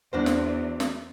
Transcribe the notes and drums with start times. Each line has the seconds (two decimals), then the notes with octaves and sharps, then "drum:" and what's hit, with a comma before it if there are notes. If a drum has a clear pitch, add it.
0.13 E2 D4 F#4 C5
0.26 drum: snare
0.80 drum: snare